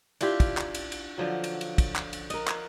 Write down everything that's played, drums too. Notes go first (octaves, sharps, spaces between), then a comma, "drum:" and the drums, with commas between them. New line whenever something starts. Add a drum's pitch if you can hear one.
D4 E4 F4 G4, drum: cymbal
drum: kick, cymbal
drum: clap
drum: cymbal
drum: cymbal
D3 F3 F#3
drum: cymbal
drum: cymbal
drum: kick, cymbal
drum: clap
drum: cymbal
A#4 D#5, drum: cymbal
drum: clap